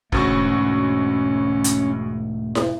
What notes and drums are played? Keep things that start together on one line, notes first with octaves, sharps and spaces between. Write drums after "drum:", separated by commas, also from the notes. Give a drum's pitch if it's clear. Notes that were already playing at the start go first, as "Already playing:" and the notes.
E1 D2 G#2 A3 C#4 F#4 C#6, drum: kick
drum: hi-hat
drum: snare E4